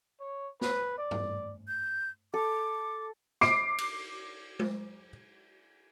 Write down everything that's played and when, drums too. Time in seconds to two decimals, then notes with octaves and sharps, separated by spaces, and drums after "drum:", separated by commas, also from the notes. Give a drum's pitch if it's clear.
0.20 C#5
0.61 B4, drum: snare
0.98 D5
1.11 drum: tom G2
1.68 G6
2.34 A4 D6
3.41 D6 C7 D7, drum: snare
3.78 drum: cymbal
4.59 drum: tom G#3